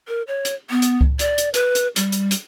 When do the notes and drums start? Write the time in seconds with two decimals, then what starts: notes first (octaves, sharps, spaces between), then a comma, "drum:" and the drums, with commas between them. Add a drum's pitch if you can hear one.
0.08 A#4
0.28 C#5
0.45 drum: hi-hat
0.70 B3
0.82 drum: hi-hat
1.01 drum: kick C#2
1.19 D5, drum: hi-hat
1.38 drum: hi-hat
1.54 B4, drum: hi-hat
1.75 drum: hi-hat
1.96 G3, drum: hi-hat
2.12 drum: hi-hat
2.31 drum: hi-hat